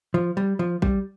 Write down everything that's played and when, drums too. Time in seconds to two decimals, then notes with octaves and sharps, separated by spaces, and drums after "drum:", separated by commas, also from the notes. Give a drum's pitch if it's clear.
0.14 F3
0.37 G3
0.59 F3
0.82 G3, drum: kick A1